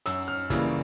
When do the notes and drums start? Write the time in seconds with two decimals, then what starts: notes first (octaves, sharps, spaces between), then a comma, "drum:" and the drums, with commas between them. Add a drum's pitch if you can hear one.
0.06 F#2 E6, drum: hi-hat
0.28 F6
0.50 C#3 E3 G3 A#3 E6, drum: kick, hi-hat